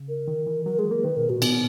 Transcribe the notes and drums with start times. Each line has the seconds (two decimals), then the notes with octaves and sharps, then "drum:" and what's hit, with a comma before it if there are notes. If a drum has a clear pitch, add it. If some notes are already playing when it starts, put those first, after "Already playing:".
Already playing: C#3
0.08 A#4
0.28 D#3
0.47 E3
0.65 F#3 A#4
0.78 G#3 G#4
0.91 A#3 A#4
1.04 D#3 B4
1.17 B2 A#4
1.29 A#2 F#4
1.42 B2 B3, drum: cymbal